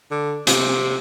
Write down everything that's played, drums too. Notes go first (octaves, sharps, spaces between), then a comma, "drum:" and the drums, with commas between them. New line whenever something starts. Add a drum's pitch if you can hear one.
D3
C3, drum: hi-hat